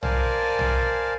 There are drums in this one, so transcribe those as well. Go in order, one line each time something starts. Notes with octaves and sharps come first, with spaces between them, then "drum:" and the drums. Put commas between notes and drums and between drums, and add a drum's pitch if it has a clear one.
A#4 C5 D5 F5 G#5 A5, drum: tom
drum: tom